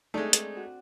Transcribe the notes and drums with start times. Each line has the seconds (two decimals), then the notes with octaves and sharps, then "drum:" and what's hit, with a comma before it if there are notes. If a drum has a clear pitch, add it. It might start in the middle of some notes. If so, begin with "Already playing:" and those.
0.14 G#3 A3 C4 D4 D#4 D5
0.33 drum: hi-hat
0.56 F#4